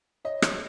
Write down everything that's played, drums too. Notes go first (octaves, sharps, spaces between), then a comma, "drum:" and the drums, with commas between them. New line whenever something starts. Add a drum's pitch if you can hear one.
C#5 D#5
drum: rim click